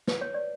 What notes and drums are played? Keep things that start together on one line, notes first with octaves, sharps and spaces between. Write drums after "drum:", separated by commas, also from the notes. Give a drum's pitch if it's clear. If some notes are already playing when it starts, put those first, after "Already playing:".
B4, drum: snare
C#5
D5